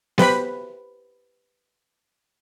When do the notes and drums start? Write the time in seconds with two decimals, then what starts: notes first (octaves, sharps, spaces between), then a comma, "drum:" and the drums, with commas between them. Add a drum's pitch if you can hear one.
0.18 G4 B4 C5 B5, drum: snare B3